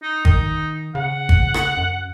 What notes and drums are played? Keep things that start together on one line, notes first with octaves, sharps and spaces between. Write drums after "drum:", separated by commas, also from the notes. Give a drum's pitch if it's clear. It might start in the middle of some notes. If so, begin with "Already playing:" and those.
D#4
D#3 D#4, drum: kick G#1
C#3 F#5
drum: kick G#1
drum: rim click
F#2